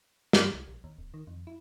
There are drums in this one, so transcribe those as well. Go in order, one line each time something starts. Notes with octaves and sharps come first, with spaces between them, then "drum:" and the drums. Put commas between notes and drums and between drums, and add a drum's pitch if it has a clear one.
G2, drum: snare
C2
A#1
D#2
D1
D#3
F2
E4